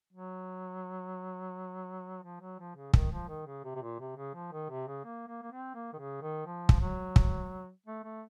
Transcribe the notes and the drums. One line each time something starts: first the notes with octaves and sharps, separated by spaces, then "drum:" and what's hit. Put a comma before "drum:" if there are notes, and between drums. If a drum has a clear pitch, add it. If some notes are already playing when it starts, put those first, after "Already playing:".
F#3
F3
F#3
F3
C#3
D#3, drum: kick
F3
D#3
C#3
C3
C3
A#2
C3
C#3
F3
D#3
C3
C#3
A#3
A#3
A#3
C4
A#3
D#3
C#3
D#3
F3
drum: kick
F#3
drum: kick
A3
A3